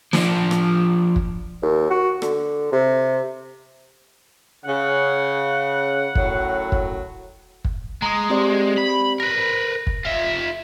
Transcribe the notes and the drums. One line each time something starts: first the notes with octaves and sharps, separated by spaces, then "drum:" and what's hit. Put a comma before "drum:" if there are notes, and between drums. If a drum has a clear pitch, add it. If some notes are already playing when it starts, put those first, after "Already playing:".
F3 D4, drum: snare
drum: rim click
drum: kick
D#2
F#4
D3, drum: rim click
C3
C#3 F#5
F#2 A2 F#3, drum: kick
drum: kick
drum: kick
G#3 A#5 D#6
C4 G4 D5
B5
A#4 B4 A#6
drum: kick
F4 E5